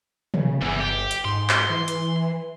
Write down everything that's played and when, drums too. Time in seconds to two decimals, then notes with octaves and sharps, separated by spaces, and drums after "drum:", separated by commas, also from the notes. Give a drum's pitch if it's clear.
0.34 C#3, drum: tom
0.62 G1 E2 E3
0.80 G4
1.11 drum: hi-hat
1.25 G#2 C6
1.49 drum: clap
1.69 E3
1.88 drum: hi-hat